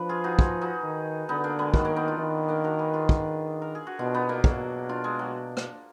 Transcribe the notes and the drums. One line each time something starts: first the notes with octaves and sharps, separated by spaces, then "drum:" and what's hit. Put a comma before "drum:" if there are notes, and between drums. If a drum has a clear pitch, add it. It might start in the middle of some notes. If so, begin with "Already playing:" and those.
Already playing: F3 D4 B4
F4 G#4
D#4 F#4
F4 G#4, drum: kick
D#4 F#4
D#3
D3 B3 D#4
A#3 D4
G#3 B3
D#3 F#3 A#3, drum: kick
A#3 D4
B3 D#4
D4 F4
D#3
A#3 D4
F#4 A#4
G#4 B4
F4 G#4
drum: kick
A#4
G#4
F#4
B2 D4 F4
B3 D#4
A#3 D4
B2 F#3, drum: kick
D4 F4
G#3
F#3
drum: rim click